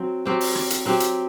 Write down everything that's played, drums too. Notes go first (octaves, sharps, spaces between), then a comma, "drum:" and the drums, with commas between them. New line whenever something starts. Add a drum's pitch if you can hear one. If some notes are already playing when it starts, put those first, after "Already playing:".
Already playing: F#3 C4
F#3 C4 G4
drum: open hi-hat
drum: rim click
drum: hi-hat
F#3 C4 G4
drum: hi-hat